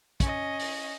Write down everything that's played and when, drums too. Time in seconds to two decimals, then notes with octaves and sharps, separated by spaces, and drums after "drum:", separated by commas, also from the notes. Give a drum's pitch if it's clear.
0.20 C#4 D#5, drum: kick, hi-hat
0.59 drum: open hi-hat